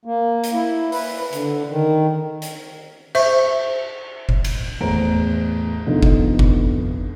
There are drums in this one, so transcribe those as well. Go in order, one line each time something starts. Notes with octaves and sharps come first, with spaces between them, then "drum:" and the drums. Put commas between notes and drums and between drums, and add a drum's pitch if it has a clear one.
A#3
drum: hi-hat
E4
B4, drum: open hi-hat
D3, drum: hi-hat
D#3
drum: hi-hat
C5 E5 C#6, drum: cymbal
drum: kick F#1
drum: cymbal
E2 A2 C5 A#5 D7
F1 D3 F3 B3 D#4
drum: kick F#1
drum: kick F#1